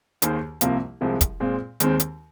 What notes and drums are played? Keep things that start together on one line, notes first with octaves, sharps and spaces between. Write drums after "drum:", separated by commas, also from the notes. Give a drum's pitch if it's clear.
D#2 D#3 A#3 G#4 C5, drum: hi-hat
C2 C3 F3 A#3 F4, drum: hi-hat
C2 C3 F3 G#3
drum: kick, hi-hat
A#2 G#3 C4 F4
D#2 D#3 G#3 C4, drum: hi-hat
drum: hi-hat